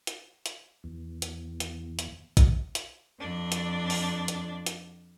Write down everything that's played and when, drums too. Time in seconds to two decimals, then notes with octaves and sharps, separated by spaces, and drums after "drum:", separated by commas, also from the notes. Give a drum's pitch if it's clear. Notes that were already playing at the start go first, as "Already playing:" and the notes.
0.07 drum: hi-hat
0.46 drum: hi-hat
0.84 E2
1.22 drum: hi-hat
1.60 drum: hi-hat
1.99 drum: hi-hat
2.37 drum: kick, hi-hat
2.75 drum: hi-hat
3.19 F2 D4
3.52 drum: hi-hat
3.90 drum: open hi-hat
4.28 drum: hi-hat
4.66 drum: hi-hat